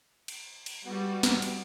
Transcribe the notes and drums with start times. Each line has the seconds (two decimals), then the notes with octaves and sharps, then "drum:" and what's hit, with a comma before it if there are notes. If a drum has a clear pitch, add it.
0.28 drum: cymbal
0.66 drum: cymbal
0.85 G3 B3 F#4
1.23 drum: snare
1.42 drum: cymbal